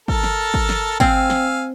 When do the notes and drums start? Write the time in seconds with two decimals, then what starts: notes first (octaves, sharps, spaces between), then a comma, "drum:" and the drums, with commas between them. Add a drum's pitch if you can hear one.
0.08 A4 A#4 A5, drum: kick
0.24 drum: snare
0.54 drum: kick
0.69 drum: snare
1.00 C4 F5 G#5 E6, drum: kick
1.30 drum: snare